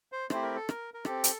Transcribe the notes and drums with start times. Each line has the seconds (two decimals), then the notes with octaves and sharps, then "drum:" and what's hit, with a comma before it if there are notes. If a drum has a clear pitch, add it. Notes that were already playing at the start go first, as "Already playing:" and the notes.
0.12 C5
0.30 A3 C4 E4 G4 C5, drum: rim click
0.43 A#4
0.56 A4
0.69 A#4, drum: rim click
0.94 A#4
1.05 C4 G4 A4, drum: rim click
1.24 drum: hi-hat